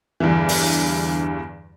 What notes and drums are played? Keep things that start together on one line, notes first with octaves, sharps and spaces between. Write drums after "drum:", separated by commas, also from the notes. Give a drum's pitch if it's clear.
E2 G2 D3 E3
drum: open hi-hat